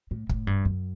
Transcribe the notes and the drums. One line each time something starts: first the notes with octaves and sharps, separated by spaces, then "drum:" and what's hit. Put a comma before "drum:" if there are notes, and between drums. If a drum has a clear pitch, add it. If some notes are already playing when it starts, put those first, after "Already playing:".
A2
A2, drum: kick
G2
F#2